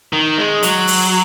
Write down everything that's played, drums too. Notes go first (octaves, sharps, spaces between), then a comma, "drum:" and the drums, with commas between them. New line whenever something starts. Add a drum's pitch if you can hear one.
D#3
G#3
F#3, drum: hi-hat
drum: open hi-hat